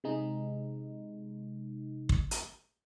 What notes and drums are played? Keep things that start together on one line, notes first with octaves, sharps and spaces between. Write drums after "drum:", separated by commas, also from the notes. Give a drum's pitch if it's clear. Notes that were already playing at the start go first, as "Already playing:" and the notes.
C3 G#3 D#4
drum: kick
drum: hi-hat